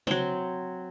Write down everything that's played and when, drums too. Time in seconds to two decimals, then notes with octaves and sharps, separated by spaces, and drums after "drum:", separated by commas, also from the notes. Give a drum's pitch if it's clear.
0.07 F#3 C4, drum: tom